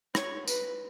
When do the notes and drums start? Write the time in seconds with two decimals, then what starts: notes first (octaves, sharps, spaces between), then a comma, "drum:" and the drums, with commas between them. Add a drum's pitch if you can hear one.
0.15 C#5, drum: rim click
0.47 B4, drum: tambourine